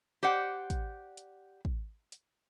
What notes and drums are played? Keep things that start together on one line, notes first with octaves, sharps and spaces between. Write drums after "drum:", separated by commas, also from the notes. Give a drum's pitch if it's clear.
G4 C5 D5 F#5
drum: kick, hi-hat
drum: hi-hat
drum: kick
drum: hi-hat